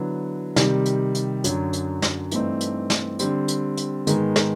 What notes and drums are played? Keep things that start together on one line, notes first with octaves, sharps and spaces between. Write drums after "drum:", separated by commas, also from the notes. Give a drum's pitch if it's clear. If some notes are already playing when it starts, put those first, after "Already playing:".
Already playing: D3 F#3 B3 E4
C3 D#3 G3, drum: snare
drum: hi-hat
drum: hi-hat
F#2 D3 F#3, drum: hi-hat
drum: hi-hat
drum: snare
G2 E3 A3 C4 D#4, drum: hi-hat
drum: hi-hat
drum: snare
D3 G3 C4, drum: hi-hat
drum: hi-hat
drum: hi-hat
G#2 D#3 G#3 B3, drum: hi-hat
drum: snare